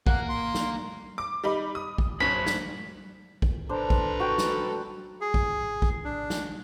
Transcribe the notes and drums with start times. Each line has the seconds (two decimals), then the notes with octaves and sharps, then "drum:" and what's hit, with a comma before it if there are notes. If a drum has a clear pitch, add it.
0.07 A#3 A#4 F#5, drum: kick A#1
0.29 C6
0.54 drum: snare
1.18 D6
1.44 G3 D#4 B5
1.75 D#6
1.98 drum: kick A#1
2.20 F#1 F#2 C#4 B5
2.46 drum: snare
3.42 drum: kick A#1
3.69 D4 A4 B4 C5 A#5
3.90 drum: kick A#1
4.20 F#4 G5
4.38 drum: snare
5.21 G#4
5.34 drum: kick A#1
5.82 drum: kick A#1
6.05 D4
6.30 drum: snare